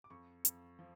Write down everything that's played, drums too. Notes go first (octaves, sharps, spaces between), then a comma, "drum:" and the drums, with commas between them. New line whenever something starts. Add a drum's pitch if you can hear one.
D6
F2 C#6
F2, drum: hi-hat
F3